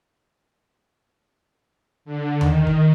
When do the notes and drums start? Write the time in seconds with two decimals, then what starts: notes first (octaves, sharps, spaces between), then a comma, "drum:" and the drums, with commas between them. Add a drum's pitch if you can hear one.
2.05 D3
2.41 D#3, drum: tom D#2
2.67 drum: kick